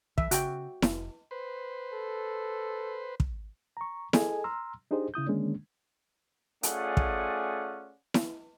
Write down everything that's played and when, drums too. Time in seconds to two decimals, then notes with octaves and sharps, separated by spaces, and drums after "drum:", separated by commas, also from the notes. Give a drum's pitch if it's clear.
0.18 E3 E5, drum: kick
0.31 C#3 F#4 G5, drum: hi-hat
0.82 F1, drum: snare E4
1.31 B4 C5
1.93 A4
3.20 drum: kick
3.77 A#5 C#6
4.13 G#4 A4 D#5 G#5, drum: snare E4
4.44 A#5 C6 E6 F6
4.91 D4 D#4 G4 G#4 C5 D#5
5.14 C#3 E4 D#6 G6
5.27 D3 D#3 G#3 A#3 C#4 D4
6.63 A3 C#4 F4 G#4 D5 F#5, drum: hi-hat
6.97 drum: kick
8.14 drum: snare E4